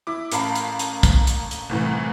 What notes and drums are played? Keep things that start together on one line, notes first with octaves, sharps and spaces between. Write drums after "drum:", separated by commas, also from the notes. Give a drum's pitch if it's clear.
E4 D6
A1 A#4 F5 A5 B5 C7, drum: hi-hat
drum: hi-hat
drum: hi-hat
drum: kick, hi-hat
drum: hi-hat
drum: hi-hat
C2 A2 E3